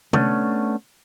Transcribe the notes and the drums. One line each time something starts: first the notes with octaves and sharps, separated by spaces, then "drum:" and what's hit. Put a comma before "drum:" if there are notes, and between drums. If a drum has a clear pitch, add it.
A3 B3 C#4 D4, drum: tom C3